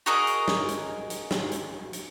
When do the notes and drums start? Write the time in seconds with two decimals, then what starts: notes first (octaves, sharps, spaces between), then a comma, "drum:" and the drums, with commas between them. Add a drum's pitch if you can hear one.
0.06 F#4 G#4 A#4 D#5
0.27 drum: hi-hat
0.48 drum: snare
0.68 drum: hi-hat
1.10 drum: hi-hat
1.31 drum: snare
1.51 drum: hi-hat
1.93 drum: hi-hat